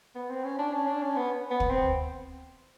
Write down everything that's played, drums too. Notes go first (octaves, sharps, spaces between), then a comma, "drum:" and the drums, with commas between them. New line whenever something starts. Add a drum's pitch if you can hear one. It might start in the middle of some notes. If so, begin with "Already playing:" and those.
B3
C4
C#4
D4
C#4
D4
C#4
B3
B3
drum: kick
C4